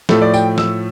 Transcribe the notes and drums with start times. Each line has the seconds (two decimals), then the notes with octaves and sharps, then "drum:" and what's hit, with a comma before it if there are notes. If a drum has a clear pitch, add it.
0.09 A2 F3 A3 A4, drum: snare
0.22 D5
0.34 G5, drum: tambourine
0.58 E6, drum: snare